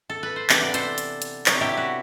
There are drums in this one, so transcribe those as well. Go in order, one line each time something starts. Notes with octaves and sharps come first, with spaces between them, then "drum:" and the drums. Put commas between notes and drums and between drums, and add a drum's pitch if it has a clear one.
A4
B4
C5
C3 E3 B3 D4 B4 D5, drum: clap
D5
A4 C5, drum: hi-hat
drum: hi-hat
drum: hi-hat
C3 F#3 B3 D4, drum: clap
E4 G4
F#4